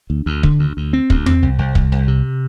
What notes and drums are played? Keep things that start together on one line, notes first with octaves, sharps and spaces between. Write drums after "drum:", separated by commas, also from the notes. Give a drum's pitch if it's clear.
D2
D2
D3, drum: kick
D2
D2
C4
D2, drum: kick
C4, drum: tom E2
C2
C2
C2, drum: kick
C2
C3